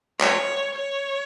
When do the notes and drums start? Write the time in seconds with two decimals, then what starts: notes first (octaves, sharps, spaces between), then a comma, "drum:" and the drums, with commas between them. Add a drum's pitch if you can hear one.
0.21 C#5, drum: clap
0.75 C#5